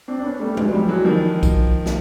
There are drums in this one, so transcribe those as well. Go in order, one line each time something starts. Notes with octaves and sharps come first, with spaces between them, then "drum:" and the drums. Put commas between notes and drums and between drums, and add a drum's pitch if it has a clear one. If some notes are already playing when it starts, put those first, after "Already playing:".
C4 D4
D4
B3 C#4
G3 A3
F#3 G#3, drum: tom G#3
F3 G3
G3
E3 F#3
D#3 F3
drum: kick B1, tambourine
drum: snare